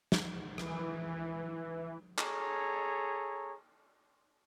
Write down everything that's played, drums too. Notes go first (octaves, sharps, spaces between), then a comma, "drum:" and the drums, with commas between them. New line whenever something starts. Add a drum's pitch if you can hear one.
drum: snare
E3, drum: rim click
G#4 A4 C#5 A#5, drum: clap